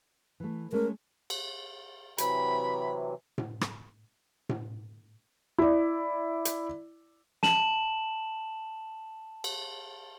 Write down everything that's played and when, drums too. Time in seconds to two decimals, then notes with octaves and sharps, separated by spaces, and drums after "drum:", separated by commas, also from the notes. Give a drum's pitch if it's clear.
0.40 E3 A3
0.72 G#3 A3 C#4 A#4
1.30 drum: cymbal
2.18 C3 E3 F#3 B5, drum: hi-hat
3.38 drum: tom A2
3.61 drum: rim click
4.49 drum: tom A2
5.58 E4 D5
6.45 drum: hi-hat
7.43 A5 E7 F#7, drum: snare
9.44 drum: cymbal